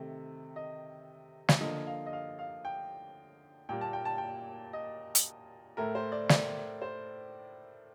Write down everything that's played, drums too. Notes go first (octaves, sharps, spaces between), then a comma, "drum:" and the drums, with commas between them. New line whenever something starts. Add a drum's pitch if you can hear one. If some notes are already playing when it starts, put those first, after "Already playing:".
Already playing: C3 D#3 A3
D#5
drum: snare
D3 F3 A#3 D#5
F5
D#5
F5
F5
G5
A#2 G3 A#3 G5
A5
G5
A5
G5
D#5
drum: hi-hat
A2 A3 A#4
C5
D5
D5, drum: snare
C5